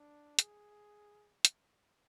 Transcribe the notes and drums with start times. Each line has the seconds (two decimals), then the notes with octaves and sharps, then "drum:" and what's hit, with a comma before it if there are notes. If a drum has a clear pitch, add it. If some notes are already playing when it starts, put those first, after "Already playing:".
Already playing: D4
0.39 G#4, drum: hi-hat
1.45 drum: hi-hat